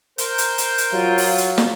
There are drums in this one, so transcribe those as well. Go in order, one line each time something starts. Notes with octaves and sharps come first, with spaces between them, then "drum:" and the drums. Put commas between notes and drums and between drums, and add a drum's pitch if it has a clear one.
A#4 C5 G6, drum: hi-hat
drum: hi-hat
drum: hi-hat
drum: hi-hat
F#3 F4
drum: open hi-hat
drum: hi-hat
drum: snare